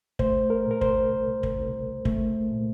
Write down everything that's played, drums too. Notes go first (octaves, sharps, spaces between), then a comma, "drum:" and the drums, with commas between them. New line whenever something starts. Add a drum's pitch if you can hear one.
A3 C5, drum: kick
A#4
A#2
A#4
C5, drum: kick
C2
drum: kick
C2
A3, drum: kick
A#2